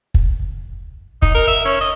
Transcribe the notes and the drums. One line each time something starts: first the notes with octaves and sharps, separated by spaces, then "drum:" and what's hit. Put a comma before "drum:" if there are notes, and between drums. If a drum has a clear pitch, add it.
drum: kick
D#4, drum: kick
A#4
E5
C#4
D#5